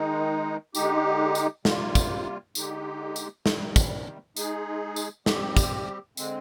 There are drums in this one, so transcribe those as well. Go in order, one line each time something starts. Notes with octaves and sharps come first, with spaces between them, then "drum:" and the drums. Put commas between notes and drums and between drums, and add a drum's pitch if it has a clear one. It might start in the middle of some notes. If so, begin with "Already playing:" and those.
Already playing: D#3 G#3 D#4
D3 G#3 D#4 G4, drum: tambourine
drum: tambourine
C3 G3 A#3 F4, drum: snare
drum: kick, tambourine
D3 G#3 D#4 G4, drum: tambourine
drum: tambourine
C3 D#3 G3, drum: snare
drum: kick, tambourine
G#3 D#4 G#4, drum: tambourine
drum: tambourine
G3 C4 G4, drum: snare
drum: kick, tambourine
D3 G#3 C4, drum: tambourine